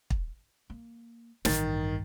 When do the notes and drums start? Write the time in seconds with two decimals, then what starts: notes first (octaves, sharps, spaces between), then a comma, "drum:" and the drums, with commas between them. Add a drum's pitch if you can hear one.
0.10 drum: kick
0.70 A#3
1.45 A1 G2 D#3 A6, drum: snare